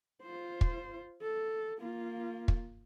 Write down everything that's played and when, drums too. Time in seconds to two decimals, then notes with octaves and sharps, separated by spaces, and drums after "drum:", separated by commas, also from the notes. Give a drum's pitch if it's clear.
0.22 F4 C5
0.61 drum: kick
1.22 A4
1.79 A#3 F4
2.48 drum: kick